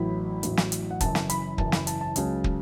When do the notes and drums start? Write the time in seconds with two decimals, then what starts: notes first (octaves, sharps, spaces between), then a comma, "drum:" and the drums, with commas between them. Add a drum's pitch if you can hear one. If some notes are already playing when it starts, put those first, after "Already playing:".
Already playing: A1 A2 F#3 B5
0.43 A1 A2 F#3, drum: hi-hat
0.57 drum: snare
0.72 drum: hi-hat
0.91 F#5
1.01 F#1 F#2 E3 A5, drum: kick, hi-hat
1.15 drum: snare
1.30 B5, drum: hi-hat
1.58 F#1 F#2 E3 A5, drum: kick
1.72 B5, drum: snare
1.87 A5, drum: hi-hat
2.01 A5
2.16 C#2 C#3 F#3, drum: hi-hat
2.44 drum: kick